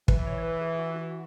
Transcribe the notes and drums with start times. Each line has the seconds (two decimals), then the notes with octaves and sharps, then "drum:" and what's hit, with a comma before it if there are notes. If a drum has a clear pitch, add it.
0.08 E3 B4, drum: kick
0.27 C#5
0.38 C#5
0.43 B4
0.61 G#4
0.79 F#4
0.95 F#4